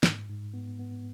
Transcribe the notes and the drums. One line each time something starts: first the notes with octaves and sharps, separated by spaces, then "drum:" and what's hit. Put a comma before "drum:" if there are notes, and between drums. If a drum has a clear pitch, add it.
G#2, drum: snare
G#2
B3
B3